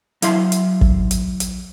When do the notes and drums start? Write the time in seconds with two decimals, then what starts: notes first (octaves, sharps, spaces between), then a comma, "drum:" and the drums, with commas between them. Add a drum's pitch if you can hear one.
0.22 F#3 E4 F5 C6, drum: hi-hat
0.52 drum: hi-hat
0.81 drum: kick
1.11 drum: hi-hat
1.40 drum: hi-hat